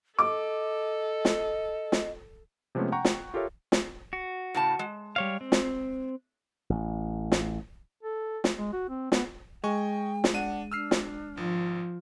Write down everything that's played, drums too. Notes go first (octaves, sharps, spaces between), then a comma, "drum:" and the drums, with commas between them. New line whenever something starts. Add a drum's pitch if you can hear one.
A4 D#5 D6
drum: snare
drum: snare
C3 F3 G#3 A3 B3 C#4
F#5 G5 A#5 C#6
drum: snare
F4 G4 A4 A#4 C#5 E5
drum: snare
F#4
A2 C#3 A5
G#3
G3 C#5 F5
C4
drum: snare
A1
drum: snare
A4
drum: snare
G#3
F#4
C4
B3, drum: snare
G#3 D#5 G5 G#5 C#6
drum: snare
D4 F#5 D#7
D4 E6 F6 C7
drum: snare
G#1 F3